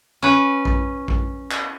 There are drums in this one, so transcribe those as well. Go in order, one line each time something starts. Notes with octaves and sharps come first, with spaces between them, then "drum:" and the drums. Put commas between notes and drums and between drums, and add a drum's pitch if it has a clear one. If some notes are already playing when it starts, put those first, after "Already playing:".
C#4 B4
drum: kick A#1
drum: kick A#1
drum: clap